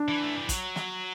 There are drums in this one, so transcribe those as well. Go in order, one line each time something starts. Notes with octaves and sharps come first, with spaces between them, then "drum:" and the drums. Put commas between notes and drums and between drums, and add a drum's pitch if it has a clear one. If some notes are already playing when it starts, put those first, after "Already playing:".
Already playing: D4
E3
A3
G3
F#3, drum: kick, hi-hat
drum: snare